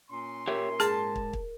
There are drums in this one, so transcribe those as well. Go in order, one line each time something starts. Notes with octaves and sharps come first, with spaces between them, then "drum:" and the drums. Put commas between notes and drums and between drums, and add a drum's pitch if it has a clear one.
A#2 C#4 C6
G4 A#4 C#5 E5
G#2 G#4 A5, drum: hi-hat
drum: kick
drum: kick